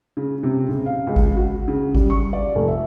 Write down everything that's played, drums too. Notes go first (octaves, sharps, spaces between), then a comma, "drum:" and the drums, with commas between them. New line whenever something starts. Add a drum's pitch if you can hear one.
C#3
C3
C#3, drum: tom A#2
F5
C#2
drum: kick G#1
F#4
C#3
G3, drum: kick G#1
C#6
D5
F1
E5